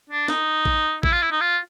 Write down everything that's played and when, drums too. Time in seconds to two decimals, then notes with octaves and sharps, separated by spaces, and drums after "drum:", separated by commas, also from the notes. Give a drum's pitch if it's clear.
0.10 D4
0.28 D#4, drum: snare
0.65 drum: kick A1
1.03 E4, drum: kick A1
1.12 F4
1.22 E4
1.31 D#4
1.41 F4